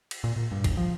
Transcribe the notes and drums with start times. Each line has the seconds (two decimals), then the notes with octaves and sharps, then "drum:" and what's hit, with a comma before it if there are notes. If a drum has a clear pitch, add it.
0.11 drum: cymbal
0.24 A#2
0.36 A#2
0.52 G2
0.64 E1, drum: kick, cymbal
0.77 F3